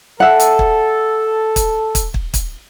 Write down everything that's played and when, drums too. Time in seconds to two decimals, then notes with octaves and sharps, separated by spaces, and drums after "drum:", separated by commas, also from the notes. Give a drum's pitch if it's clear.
0.20 A4 E5 F#5
0.40 drum: hi-hat
0.59 drum: kick
1.56 drum: kick, hi-hat
1.95 drum: kick, hi-hat
2.14 drum: kick
2.34 drum: kick, hi-hat